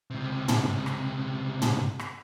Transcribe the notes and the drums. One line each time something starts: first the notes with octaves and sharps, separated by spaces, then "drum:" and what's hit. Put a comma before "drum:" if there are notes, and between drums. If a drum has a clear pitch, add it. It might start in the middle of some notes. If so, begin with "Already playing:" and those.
C#2 C3
drum: tom
drum: rim click
drum: tom
drum: rim click